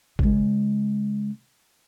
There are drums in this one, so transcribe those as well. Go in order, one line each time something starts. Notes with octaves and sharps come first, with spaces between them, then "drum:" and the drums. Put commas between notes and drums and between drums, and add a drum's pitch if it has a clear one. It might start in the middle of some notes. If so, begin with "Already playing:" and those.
C#3 G#3, drum: kick